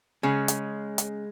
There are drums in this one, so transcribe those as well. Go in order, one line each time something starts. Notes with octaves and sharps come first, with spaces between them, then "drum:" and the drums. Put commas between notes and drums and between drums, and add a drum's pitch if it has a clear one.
C#3 G#3 C#4
drum: hi-hat
drum: hi-hat